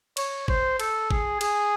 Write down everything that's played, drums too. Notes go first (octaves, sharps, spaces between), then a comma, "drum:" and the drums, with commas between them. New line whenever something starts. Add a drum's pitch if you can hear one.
C#5, drum: cymbal
C5, drum: kick
A4, drum: cymbal
G#4, drum: kick
G#4, drum: cymbal